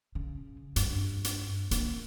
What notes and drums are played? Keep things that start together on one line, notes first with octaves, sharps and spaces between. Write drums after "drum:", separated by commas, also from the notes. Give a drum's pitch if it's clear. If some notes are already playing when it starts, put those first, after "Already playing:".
C#3
G2, drum: hi-hat
drum: hi-hat
A#3, drum: hi-hat